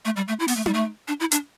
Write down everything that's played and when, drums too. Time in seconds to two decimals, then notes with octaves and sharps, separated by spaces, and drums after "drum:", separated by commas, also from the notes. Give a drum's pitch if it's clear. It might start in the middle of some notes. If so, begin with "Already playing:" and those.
0.05 A3
0.16 G3
0.28 A3
0.40 E4
0.48 B3, drum: open hi-hat
0.57 A3
0.66 G3, drum: tom D#4
0.74 A3
1.08 D4
1.20 E4
1.32 D4, drum: hi-hat